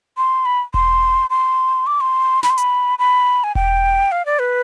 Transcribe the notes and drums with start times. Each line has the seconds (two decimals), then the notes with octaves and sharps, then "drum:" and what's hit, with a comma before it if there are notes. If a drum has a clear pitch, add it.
0.18 C6
0.46 B5
0.74 C6, drum: kick E1
1.30 C6
1.87 D6
2.01 C6
2.43 B5, drum: snare
2.50 C6
2.58 B5, drum: hi-hat
2.99 B5
3.44 G#5
3.55 G5, drum: kick E1
4.12 F5
4.26 D5
4.39 B4